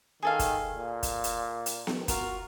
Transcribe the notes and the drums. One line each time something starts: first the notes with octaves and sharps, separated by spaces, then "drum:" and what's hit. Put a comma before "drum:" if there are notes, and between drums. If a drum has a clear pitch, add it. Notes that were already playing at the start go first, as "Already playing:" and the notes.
D#3 G#4 A4 F5
drum: kick, hi-hat
A#2
drum: kick, hi-hat
drum: hi-hat
drum: hi-hat
drum: snare B3
F4 F#4 A#4, drum: kick, hi-hat